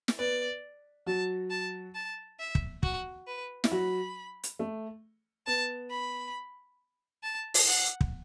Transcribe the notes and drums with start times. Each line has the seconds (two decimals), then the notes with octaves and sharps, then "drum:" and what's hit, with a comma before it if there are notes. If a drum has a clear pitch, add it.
0.08 drum: snare
0.18 B3 B4 D5
1.06 F#3 F#4 A5
1.50 A5
1.95 A5
2.39 E5
2.55 drum: kick
2.83 F#4, drum: kick
3.27 B4
3.64 E4, drum: snare
3.71 F#3 F#4 B5
4.43 drum: hi-hat
4.59 A3
5.47 B3 A5
5.91 B5
7.23 A5
7.54 drum: open hi-hat
7.68 F#5
8.01 drum: kick